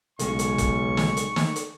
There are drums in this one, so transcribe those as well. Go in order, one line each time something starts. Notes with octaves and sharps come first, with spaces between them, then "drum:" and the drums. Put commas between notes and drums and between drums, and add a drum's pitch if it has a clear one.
B1 C#3 G#3 C#4 C#6, drum: hi-hat
drum: hi-hat
drum: kick F1, hi-hat
drum: snare
drum: hi-hat
drum: snare
drum: hi-hat